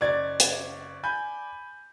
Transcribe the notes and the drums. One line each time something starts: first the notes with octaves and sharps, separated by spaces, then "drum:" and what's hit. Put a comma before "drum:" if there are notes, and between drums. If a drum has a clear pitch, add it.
F#1 D5 G#6 A6
drum: hi-hat
G#5 B5 G6